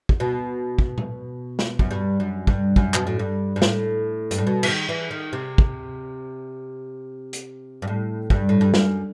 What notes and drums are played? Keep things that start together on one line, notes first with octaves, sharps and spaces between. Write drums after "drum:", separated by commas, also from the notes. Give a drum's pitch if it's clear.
drum: kick
B2
drum: kick
drum: tom A#2
drum: snare
F#2, drum: kick
G2
F#2
G2, drum: kick
F#2, drum: kick
B2, drum: clap
A2
G2
G2
A2, drum: snare
G2, drum: hi-hat
A2
B2
E3, drum: cymbal
D#3
E3
D#3
C3
drum: kick
drum: hi-hat
G2
A2
G2, drum: kick
A2
G2
F#2, drum: snare